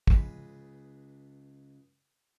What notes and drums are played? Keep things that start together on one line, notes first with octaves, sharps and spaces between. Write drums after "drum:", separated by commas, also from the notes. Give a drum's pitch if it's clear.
C#2 G#4 B4, drum: kick